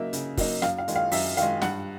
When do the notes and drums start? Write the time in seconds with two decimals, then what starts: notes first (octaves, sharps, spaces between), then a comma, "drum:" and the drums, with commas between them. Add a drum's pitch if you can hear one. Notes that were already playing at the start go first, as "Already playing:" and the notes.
Already playing: C#3 F#3 A#3 D#4 E5
0.13 C#3, drum: hi-hat
0.37 F#3 A#3 D#4, drum: kick, open hi-hat
0.62 F#2 F5, drum: snare
0.78 F5
0.88 D#3 G#3, drum: hi-hat
0.96 F5
1.12 F#2 E5, drum: open hi-hat
1.37 D#3 G#3 F5, drum: hi-hat
1.61 G2 F#5, drum: snare